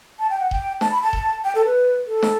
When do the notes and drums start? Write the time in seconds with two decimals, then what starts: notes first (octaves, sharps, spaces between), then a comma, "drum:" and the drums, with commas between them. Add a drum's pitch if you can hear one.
0.20 A5
0.30 G5
0.40 F#5
0.51 G5, drum: kick D#1
0.81 A5, drum: snare
0.92 B5
1.03 A5
1.13 drum: kick D#1
1.44 G5
1.55 A4
1.66 B4
2.07 A4
2.22 drum: snare